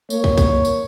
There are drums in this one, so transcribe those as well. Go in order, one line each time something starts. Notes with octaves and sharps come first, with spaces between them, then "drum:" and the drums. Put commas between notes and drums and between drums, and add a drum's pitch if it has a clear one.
A#3 C#5, drum: tambourine
drum: kick
drum: kick, tambourine
drum: tambourine